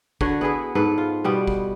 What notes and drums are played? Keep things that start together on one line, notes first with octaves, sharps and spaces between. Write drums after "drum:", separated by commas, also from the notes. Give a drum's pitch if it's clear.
D3 F#4 B4 C#5, drum: kick
B3 E4 G#4 B4
G#2 A4 B4, drum: tom G#2
F4
B2 G3 B3
drum: kick